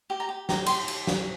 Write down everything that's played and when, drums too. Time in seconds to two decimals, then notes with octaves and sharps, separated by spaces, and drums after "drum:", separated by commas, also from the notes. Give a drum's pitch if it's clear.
0.10 G4
0.20 A#5
0.29 G4
0.49 G4 A#5, drum: snare
0.66 G4 C6, drum: cymbal
0.88 drum: cymbal
1.07 drum: snare